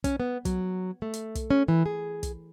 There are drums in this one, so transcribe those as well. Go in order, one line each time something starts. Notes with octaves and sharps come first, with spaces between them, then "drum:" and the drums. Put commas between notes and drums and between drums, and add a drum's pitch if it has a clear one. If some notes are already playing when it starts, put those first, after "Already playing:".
C#4, drum: kick, hi-hat
B3
F#3, drum: kick, hi-hat
A3
drum: hi-hat
drum: kick, hi-hat
C#4
E3
G#4
drum: kick, hi-hat